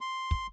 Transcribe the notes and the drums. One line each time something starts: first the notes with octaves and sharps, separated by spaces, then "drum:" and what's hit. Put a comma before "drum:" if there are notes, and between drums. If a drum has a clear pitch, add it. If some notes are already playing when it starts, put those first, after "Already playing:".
C6
drum: kick